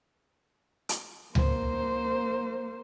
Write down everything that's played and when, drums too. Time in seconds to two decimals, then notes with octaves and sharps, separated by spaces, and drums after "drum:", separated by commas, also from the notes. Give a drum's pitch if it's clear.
0.89 drum: hi-hat
1.35 A#3 C5, drum: tom C#2